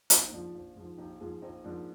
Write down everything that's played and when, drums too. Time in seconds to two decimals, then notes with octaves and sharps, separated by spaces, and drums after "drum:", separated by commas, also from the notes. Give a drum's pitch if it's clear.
0.10 A#1 C4 D#4, drum: hi-hat
0.22 D#4
0.31 G#2 F3 D4 F4
0.54 A#1
0.76 G#2 F3
0.97 A#1 D#4 G4
1.19 G#2 F3 F4 G#4
1.42 A#1 C4 D#4
1.64 G#2 F3 A#3 D4